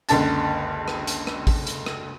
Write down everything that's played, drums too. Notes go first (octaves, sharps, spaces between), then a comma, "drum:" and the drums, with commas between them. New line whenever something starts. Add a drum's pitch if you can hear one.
F#1 C#2 D3 A5 A6, drum: hi-hat
drum: rim click
drum: hi-hat
drum: rim click
drum: kick, open hi-hat
drum: hi-hat
drum: rim click